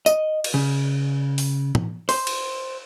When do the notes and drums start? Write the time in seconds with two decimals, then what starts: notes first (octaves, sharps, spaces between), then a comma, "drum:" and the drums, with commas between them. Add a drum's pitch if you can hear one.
0.06 D#5, drum: tambourine
0.44 drum: cymbal
0.54 C#3
1.38 drum: open hi-hat
1.75 drum: tom
2.09 C5, drum: open hi-hat
2.27 drum: cymbal